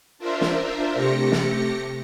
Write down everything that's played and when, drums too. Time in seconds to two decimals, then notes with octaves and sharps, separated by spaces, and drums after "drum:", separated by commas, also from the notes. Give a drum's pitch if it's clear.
0.18 D4 F4 A#4 C5 E5
0.41 drum: snare
0.95 C3 A3 G4 A#6 C#7
1.32 drum: snare